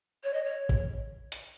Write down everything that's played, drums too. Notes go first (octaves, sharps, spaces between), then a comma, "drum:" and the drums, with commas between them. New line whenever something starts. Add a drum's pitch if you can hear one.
C#5
D#5
C#5
drum: kick
drum: hi-hat